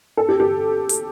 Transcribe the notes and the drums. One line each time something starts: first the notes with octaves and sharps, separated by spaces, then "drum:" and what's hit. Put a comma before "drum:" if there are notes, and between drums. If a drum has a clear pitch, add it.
A4
G4
G4
drum: hi-hat